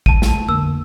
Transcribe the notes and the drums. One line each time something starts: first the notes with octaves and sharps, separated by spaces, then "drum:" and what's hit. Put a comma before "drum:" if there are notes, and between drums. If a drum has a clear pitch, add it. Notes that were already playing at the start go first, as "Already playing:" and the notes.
A5 D#7, drum: kick
drum: snare
F2 D3 A#3 E6